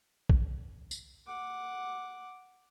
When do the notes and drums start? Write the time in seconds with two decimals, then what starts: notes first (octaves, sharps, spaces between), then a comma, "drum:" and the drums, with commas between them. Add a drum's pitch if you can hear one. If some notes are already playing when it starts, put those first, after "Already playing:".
0.29 drum: kick A#1
0.91 drum: tambourine
1.26 F#5 D6